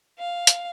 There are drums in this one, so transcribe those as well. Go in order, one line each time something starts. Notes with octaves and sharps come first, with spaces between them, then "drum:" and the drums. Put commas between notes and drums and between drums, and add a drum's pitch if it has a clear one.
F5
drum: hi-hat